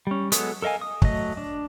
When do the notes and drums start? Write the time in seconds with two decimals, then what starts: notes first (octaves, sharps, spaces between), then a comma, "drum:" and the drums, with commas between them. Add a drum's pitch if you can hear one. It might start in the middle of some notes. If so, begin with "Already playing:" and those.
0.07 G3 C#4
0.32 F#3 G#3 B3 A4 D#6, drum: hi-hat
0.62 A4 A#4 D#5 F5 G#5
0.81 D#6
1.02 F#3 A3 D#5, drum: kick
1.37 D4